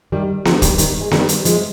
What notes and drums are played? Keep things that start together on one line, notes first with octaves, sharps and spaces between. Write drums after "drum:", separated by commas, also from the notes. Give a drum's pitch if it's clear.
D#3 G3
D3 F3, drum: snare B3
D#3 G3, drum: kick, hi-hat
D#3 G3, drum: hi-hat
G#3
D#3 G3, drum: snare B3
drum: hi-hat
F3 G#3, drum: hi-hat